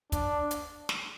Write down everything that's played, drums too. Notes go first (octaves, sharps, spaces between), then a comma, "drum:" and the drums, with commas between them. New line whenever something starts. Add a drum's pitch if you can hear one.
D4, drum: kick, hi-hat
drum: hi-hat
drum: snare